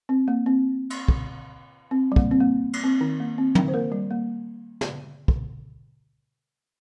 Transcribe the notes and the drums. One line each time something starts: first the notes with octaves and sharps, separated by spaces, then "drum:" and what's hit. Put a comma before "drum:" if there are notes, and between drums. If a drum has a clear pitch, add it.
C4
A#3
C4
drum: cymbal
drum: kick
C4
G3
A#3, drum: kick
C4
A#3
drum: cymbal
C4
D#3 D#4
A#3
C4
D#3 D#4, drum: tom
C5
A#3 A#4
G3
A#3
drum: snare
drum: kick